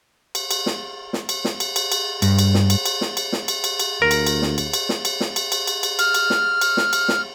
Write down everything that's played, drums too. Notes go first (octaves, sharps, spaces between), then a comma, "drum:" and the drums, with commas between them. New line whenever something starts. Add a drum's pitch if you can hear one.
drum: cymbal
drum: cymbal
drum: snare
drum: snare
drum: cymbal
drum: snare
drum: cymbal
drum: cymbal
drum: cymbal
G2, drum: cymbal
drum: cymbal
drum: snare
drum: cymbal
drum: cymbal
drum: snare
drum: cymbal
drum: snare
drum: cymbal
drum: cymbal
drum: cymbal
D2 A#4
drum: cymbal
drum: cymbal
drum: snare
drum: cymbal
drum: cymbal
drum: snare
drum: cymbal
drum: snare
drum: cymbal
drum: cymbal
drum: cymbal
drum: cymbal
F6, drum: cymbal
drum: cymbal
drum: snare
drum: cymbal
drum: snare
drum: cymbal
drum: snare